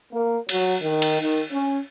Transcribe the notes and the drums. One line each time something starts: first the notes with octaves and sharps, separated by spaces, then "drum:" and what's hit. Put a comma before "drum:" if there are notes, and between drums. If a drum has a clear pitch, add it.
A#3
F#3, drum: cymbal
D#3
drum: cymbal
D#3
C#4